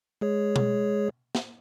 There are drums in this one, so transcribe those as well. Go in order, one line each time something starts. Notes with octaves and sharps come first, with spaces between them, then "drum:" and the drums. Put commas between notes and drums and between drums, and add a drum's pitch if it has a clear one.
G#3 G#4 C#5
drum: tom B2
drum: snare